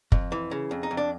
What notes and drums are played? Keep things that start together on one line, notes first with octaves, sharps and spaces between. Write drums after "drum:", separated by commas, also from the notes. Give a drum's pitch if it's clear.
F2, drum: kick
E3
C#3
F2
D#4
F2
D4